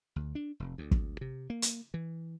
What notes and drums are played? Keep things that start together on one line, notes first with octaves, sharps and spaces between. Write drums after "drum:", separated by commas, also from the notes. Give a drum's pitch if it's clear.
D2
D4
F1
D2
drum: kick
C3
A#3
drum: hi-hat
E3